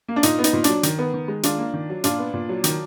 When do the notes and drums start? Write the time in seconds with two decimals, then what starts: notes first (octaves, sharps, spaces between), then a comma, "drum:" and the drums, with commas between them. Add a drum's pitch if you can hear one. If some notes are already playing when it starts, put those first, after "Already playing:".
0.08 A#3
0.16 D4
0.23 A#2 D#4, drum: hi-hat
0.39 B3
0.44 D#4, drum: hi-hat
0.53 A#2
0.64 F#3 D4, drum: hi-hat
0.83 D#3, drum: hi-hat
0.99 B3
1.14 D#3
1.28 G#3
1.43 D#3 D4 F4, drum: hi-hat
1.58 A#3
1.74 D#3
1.90 F#3
2.04 A#2 D4 F4, drum: hi-hat
2.19 B3
2.34 A#2
2.49 F#3
2.64 D#3, drum: hi-hat